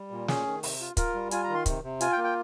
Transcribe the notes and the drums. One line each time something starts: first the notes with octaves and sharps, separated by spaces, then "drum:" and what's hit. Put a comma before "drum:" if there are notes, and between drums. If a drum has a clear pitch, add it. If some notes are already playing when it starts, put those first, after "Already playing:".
Already playing: G3
A#2
C#4 G#4, drum: snare
D#3
C3, drum: open hi-hat
F4
F4 A#4, drum: kick, hi-hat
G3
F4 G#5, drum: hi-hat
A#5
D#3
C6
C3, drum: kick, hi-hat
C3
F4 G#5, drum: hi-hat
G5
A#3
G5